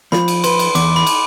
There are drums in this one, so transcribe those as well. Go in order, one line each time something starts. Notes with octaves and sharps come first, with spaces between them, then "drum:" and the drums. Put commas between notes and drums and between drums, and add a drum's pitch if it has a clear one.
F3 B5, drum: snare
drum: cymbal
B4 C6, drum: cymbal
drum: cymbal
E2 D6, drum: cymbal
B5
drum: cymbal